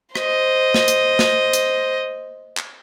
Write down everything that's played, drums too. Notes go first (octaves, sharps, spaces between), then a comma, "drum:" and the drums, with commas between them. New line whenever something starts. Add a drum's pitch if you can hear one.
C5 D#5, drum: rim click
drum: snare
drum: hi-hat
drum: snare
drum: hi-hat
drum: clap